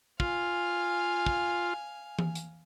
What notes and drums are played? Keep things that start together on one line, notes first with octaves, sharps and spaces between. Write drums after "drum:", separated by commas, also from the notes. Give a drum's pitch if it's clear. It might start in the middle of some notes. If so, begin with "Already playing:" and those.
F4 F5 G#5, drum: kick
drum: kick
drum: tom E3
drum: hi-hat